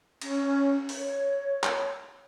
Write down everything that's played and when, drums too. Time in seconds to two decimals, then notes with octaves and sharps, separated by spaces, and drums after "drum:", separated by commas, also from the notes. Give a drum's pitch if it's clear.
0.21 C#4, drum: cymbal
0.89 C#5, drum: open hi-hat
1.63 drum: clap